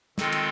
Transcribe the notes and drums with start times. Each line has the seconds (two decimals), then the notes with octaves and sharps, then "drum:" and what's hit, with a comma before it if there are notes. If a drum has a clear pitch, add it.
0.18 D#3 G#3 C4 F4 A4, drum: snare
0.32 drum: cymbal